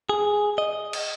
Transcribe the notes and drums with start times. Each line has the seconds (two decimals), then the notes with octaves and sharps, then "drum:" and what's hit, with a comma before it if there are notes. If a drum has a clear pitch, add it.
0.09 G#4
0.58 D#5
0.93 drum: cymbal